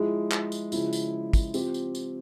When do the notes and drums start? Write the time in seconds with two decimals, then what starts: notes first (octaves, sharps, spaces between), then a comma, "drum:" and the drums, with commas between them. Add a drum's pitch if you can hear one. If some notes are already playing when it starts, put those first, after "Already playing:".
Already playing: F3 G#3 E4
0.31 drum: clap
0.52 drum: tambourine
0.72 C#3 F3 G#3 E4, drum: tambourine
0.93 drum: tambourine
1.33 drum: kick, tambourine
1.54 F3 C4 G4, drum: tambourine
1.74 drum: tambourine
1.95 drum: tambourine